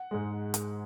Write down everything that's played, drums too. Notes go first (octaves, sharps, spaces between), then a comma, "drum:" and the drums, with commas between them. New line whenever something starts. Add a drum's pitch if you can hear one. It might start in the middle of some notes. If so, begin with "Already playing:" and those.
Already playing: F#5
G#2 G#3
drum: hi-hat